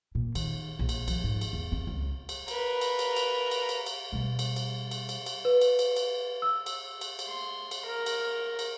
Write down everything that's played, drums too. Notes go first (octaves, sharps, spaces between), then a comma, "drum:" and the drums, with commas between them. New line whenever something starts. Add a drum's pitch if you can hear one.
A#2
D#3, drum: cymbal
A#1
drum: cymbal
F3, drum: cymbal
G#2
drum: cymbal
E2
C4
C#2
drum: cymbal
A#4 B4, drum: cymbal
drum: cymbal
drum: cymbal
drum: cymbal
drum: cymbal
drum: cymbal
drum: cymbal
B2 G3
drum: cymbal
drum: cymbal
drum: cymbal
drum: cymbal
drum: cymbal
B4
drum: cymbal
drum: cymbal
drum: cymbal
E6
drum: cymbal
drum: cymbal
drum: cymbal
C6
drum: cymbal
A#4
drum: cymbal
drum: cymbal